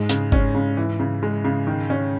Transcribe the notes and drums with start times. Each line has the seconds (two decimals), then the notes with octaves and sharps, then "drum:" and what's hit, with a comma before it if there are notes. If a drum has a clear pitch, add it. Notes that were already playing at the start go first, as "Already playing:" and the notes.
Already playing: G#2 G#3
0.09 C#3, drum: hi-hat
0.32 C#4, drum: kick G1
0.55 C#3
0.77 E3
1.00 C#3
1.23 G#3
1.44 C#3
1.67 D#3
1.90 C#4